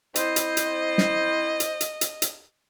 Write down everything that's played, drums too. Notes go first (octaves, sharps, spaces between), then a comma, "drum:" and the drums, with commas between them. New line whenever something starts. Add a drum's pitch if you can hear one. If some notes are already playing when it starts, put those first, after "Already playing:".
C4 E4 C5 D#5, drum: hi-hat
drum: hi-hat
drum: hi-hat
drum: snare
drum: hi-hat
drum: hi-hat
drum: hi-hat
drum: hi-hat